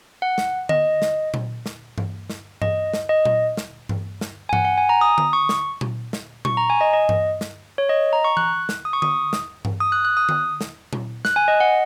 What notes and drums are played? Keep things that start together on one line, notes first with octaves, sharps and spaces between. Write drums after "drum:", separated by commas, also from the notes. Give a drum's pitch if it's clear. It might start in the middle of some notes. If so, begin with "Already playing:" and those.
F#5
drum: snare
D#5, drum: tom D3
drum: snare
drum: tom A#2
drum: snare
drum: tom G2
drum: snare
D#5, drum: tom G2
drum: snare
D#5
drum: tom A#2
drum: snare
drum: tom G2
drum: snare
G#5
F#5, drum: tom G2
F#5
G#5
A#5
D#6
D#6, drum: tom D3
C#6
drum: snare
drum: tom A#2
drum: snare
C#6, drum: tom A#2
A#5
G#5
D#5
D#5
drum: tom G2
drum: snare
C#5
D#5
A#5
C#6
F#6, drum: tom E3
drum: snare
D#6
C#6
D#6, drum: tom D3
drum: snare
drum: tom G2
D#6
F#6
F#6
D#6
drum: tom D3
drum: snare
drum: tom A#2
F#6, drum: snare
G#5
D#5
F#5